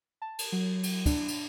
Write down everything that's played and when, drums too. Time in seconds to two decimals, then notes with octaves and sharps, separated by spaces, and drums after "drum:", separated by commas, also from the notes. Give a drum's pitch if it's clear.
0.22 A5
0.39 drum: cymbal
0.52 F#3
0.83 drum: cymbal
1.06 D4, drum: kick, cymbal
1.28 drum: cymbal